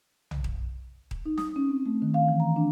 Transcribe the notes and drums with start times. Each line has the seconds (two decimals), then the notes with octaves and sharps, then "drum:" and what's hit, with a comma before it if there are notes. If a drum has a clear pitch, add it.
0.31 drum: tom
0.44 drum: kick D#1
1.11 drum: kick D#1
1.25 D#4
1.38 D#6, drum: snare
1.56 C#4
1.69 C4
1.86 A3
2.02 D#3
2.14 F5
2.29 E3
2.40 A#5
2.56 D4